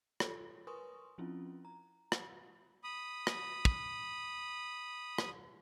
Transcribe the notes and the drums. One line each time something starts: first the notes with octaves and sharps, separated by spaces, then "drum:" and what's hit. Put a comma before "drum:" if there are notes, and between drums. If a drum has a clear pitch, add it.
F4 A4 C#5, drum: rim click
A#4 B4 G#5 C6 C#6 D#6
F3 C4 C#4 E4 F4
A#5
drum: rim click
B5 D#6
drum: rim click
drum: kick
drum: rim click